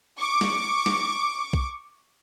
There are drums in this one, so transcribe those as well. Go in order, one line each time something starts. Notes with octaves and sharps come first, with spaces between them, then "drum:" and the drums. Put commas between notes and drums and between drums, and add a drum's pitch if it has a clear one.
C#6 D6
drum: snare
drum: snare
drum: kick B1